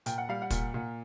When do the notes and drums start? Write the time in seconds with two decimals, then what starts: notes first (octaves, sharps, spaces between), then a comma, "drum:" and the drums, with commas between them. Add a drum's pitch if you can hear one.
0.06 A#2 G5, drum: hi-hat
0.18 F#5
0.29 G3 F5
0.42 F#5
0.50 A#2, drum: kick, hi-hat
0.74 A#2